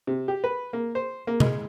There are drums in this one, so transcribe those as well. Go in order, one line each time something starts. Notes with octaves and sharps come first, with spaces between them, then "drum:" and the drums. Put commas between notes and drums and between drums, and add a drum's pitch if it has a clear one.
C3
G4
B4
A#3
C5
A#3
G#3, drum: tom C3